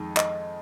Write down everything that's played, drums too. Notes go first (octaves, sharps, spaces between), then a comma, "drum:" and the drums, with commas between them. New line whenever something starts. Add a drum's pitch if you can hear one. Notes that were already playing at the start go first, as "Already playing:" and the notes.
Already playing: F2 D#3 G#3 D#4
D#5, drum: clap